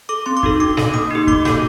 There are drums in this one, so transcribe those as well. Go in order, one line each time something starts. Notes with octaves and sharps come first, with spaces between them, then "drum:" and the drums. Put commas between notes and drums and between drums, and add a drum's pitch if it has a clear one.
A4 D6
C4 C6
D6
D#4 F#4 A4, drum: kick
D4 D6
A4, drum: snare
A#3 D#6
D#4 G4
A#3 D6, drum: kick
F#4 A4 D6, drum: snare